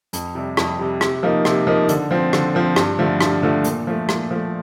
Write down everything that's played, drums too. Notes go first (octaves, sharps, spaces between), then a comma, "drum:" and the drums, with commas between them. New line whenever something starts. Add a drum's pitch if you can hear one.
F2, drum: hi-hat
C3 G3
F2, drum: rim click
C3 G3
C3, drum: rim click
F3 A#3 D#4
C3, drum: rim click
F3 A#3 D#4
D3, drum: hi-hat
F3 C4
D3, drum: rim click
F3 C4
G2, drum: rim click
D3 F3 A3
G2, drum: rim click
D3 F3 A3
A#2, drum: hi-hat
F3 A3
A#2, drum: rim click
F3 A3